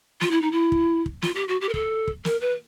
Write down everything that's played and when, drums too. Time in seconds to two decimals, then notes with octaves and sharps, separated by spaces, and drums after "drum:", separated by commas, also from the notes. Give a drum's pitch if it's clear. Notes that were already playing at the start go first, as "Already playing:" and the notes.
0.21 F4, drum: snare
0.31 E4
0.42 D#4
0.52 E4
0.72 drum: kick
1.06 drum: kick
1.22 F4, drum: snare
1.35 G4
1.48 F#4
1.61 G4
1.69 A#4
1.74 A4, drum: kick
2.08 drum: kick
2.25 A#4, drum: snare
2.41 B4